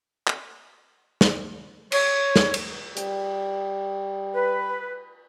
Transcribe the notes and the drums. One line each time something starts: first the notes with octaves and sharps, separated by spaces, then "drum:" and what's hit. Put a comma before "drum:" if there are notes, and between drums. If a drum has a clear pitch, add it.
drum: clap
drum: snare
C#5, drum: cymbal
drum: snare
drum: cymbal
G3, drum: hi-hat
B4